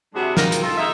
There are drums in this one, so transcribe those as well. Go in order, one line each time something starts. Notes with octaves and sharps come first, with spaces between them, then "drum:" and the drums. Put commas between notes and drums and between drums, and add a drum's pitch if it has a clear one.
C3 F#3 G#3 D4 E4 F#4
C4 D#4 F4 A#4, drum: snare
drum: hi-hat
F4 A4
G#3 A#3 D#4 E5